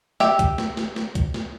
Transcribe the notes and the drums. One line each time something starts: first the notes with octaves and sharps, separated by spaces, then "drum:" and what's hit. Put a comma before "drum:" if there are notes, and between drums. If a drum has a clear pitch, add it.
G4 E5, drum: snare
drum: kick, hi-hat
drum: snare
drum: snare
drum: snare
drum: kick, hi-hat
drum: snare